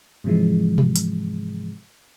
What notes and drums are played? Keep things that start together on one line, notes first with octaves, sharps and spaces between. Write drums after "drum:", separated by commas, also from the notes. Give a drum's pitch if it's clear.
G#2 C3 E3 F3 G#3
drum: tom B2
drum: hi-hat